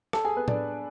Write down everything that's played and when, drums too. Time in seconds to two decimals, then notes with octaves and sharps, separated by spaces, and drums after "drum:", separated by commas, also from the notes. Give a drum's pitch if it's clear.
0.13 A4 A5, drum: rim click
0.25 G#4 G#5
0.36 B3 B4
0.48 D4 D5, drum: tom A2